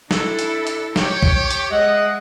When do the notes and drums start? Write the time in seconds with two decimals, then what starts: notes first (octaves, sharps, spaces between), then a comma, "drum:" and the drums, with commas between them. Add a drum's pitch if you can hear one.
0.11 D4 E4 A4, drum: snare
0.39 drum: hi-hat
0.67 drum: hi-hat
0.96 G4 C#5, drum: snare
1.23 drum: kick
1.51 drum: hi-hat
1.71 G#3 D#5 E5 F#5